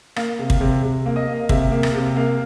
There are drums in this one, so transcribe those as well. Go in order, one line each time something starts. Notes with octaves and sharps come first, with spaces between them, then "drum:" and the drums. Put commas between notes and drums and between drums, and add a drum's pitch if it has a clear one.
A#3 F5, drum: rim click
C3
drum: kick
C3
C3
A#3
D#5
A#3
F5
C3 E5, drum: kick
A#3
drum: rim click
C3
A#3 F5